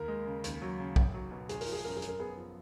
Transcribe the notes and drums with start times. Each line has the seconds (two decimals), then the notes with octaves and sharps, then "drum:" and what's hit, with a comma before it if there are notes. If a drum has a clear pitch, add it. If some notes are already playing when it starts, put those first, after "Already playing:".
Already playing: D#2 A#4
0.08 G#3
0.26 C#3
0.44 D#2, drum: hi-hat
0.62 F#3
0.79 C#3
0.96 B1, drum: kick
1.14 F#3
1.31 B2
1.49 G#1 G#4, drum: hi-hat
1.61 A#4, drum: open hi-hat
1.66 F3
1.72 G#4
1.84 F#2 A#4
1.96 G#4
2.02 F#2, drum: hi-hat
2.08 A#4
2.19 B3 G#4
2.37 F3